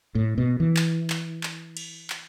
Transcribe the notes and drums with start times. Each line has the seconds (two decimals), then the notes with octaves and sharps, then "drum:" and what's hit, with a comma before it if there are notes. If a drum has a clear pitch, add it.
0.15 A2
0.38 B2
0.60 E3
0.77 drum: clap
1.10 drum: clap
1.43 drum: clap
1.77 drum: cymbal
2.10 drum: clap